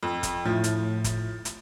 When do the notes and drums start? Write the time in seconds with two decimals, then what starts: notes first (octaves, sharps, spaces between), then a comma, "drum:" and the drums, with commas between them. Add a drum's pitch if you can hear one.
0.03 F2
0.23 drum: kick, hi-hat
0.45 A2 F3 A3
0.64 drum: hi-hat
1.04 drum: kick, hi-hat
1.45 drum: hi-hat